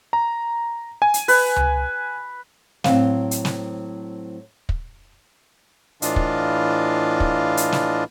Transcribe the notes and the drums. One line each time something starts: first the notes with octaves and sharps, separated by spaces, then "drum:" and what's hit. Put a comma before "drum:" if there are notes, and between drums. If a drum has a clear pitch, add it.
A#5
G#5
drum: hi-hat
B4, drum: open hi-hat
drum: tom C#2
A2 F#3 C4 C5 F5, drum: snare
drum: hi-hat
drum: snare
drum: kick
A2 E3 D4 F4 D#5 F5, drum: hi-hat
drum: kick
drum: kick
drum: hi-hat
drum: snare